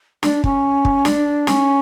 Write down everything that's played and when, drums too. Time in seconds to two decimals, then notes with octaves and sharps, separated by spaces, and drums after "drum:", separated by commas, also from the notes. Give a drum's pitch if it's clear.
0.23 D4, drum: snare
0.44 C#4, drum: kick
0.85 drum: kick
1.05 D4, drum: snare
1.47 C#4, drum: snare